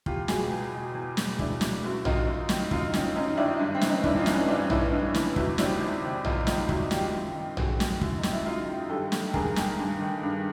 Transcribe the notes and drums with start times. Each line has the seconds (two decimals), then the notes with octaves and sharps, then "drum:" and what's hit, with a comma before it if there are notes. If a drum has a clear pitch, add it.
0.06 E2 F4 G4, drum: kick
0.28 B2 F#4 G#4, drum: snare
0.51 E2
0.73 B2
0.95 E2
1.17 B2, drum: snare
1.39 E2 D4 E4, drum: kick
1.61 B2, drum: snare
1.82 F#2 E4 F#4
2.05 D#3 D#4 F4, drum: tom A#1
2.27 F#2
2.49 D#3, drum: snare
2.71 F#2 D#4 F4, drum: kick
2.94 D#3 C#4 D#4, drum: snare
3.15 F#2 C#4 D#4
3.37 D#3 D4 E4
3.59 G2
3.75 C4
3.81 E3, drum: snare
3.89 C#4 D#4
4.04 G2 D4 E4, drum: kick
4.18 D#4 F4
4.26 E3, drum: snare
4.33 C#4 D#4
4.48 G2 C4 D4
4.70 E3 D4 E4, drum: tom A#1
4.92 G2
5.14 E3, drum: snare
5.36 E2 E4 F#4, drum: kick
5.58 C3 D#3 D4 E4, drum: snare
5.80 E2
6.03 C3 D#3
6.25 E2 D#4 F4, drum: tom A#1
6.47 C3 D#3 D#4 F4, drum: snare
6.69 E2 E4 F#4, drum: kick
6.91 C3 D#3 F4 G4, drum: snare
7.14 F#2
7.35 D#3
7.57 F#2 F#4 G#4, drum: tom A#1
7.80 D#3, drum: snare
8.01 F#2 E4 F#4, drum: kick
8.18 D#4
8.23 D#3, drum: snare
8.32 E4
8.46 F#2 D#4 F4
8.68 D#3
8.89 G2 G4 A4
9.12 D#3, drum: snare
9.34 G2 G#4 A#4, drum: kick
9.56 D#3, drum: snare
9.79 G2
10.01 D#3
10.23 G2